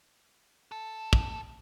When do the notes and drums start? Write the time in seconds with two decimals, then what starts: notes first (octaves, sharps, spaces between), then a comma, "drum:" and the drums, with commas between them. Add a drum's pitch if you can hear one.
0.72 A4
1.13 drum: kick